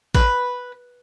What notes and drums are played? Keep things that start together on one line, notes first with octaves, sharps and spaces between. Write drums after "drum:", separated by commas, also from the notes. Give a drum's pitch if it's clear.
B4, drum: kick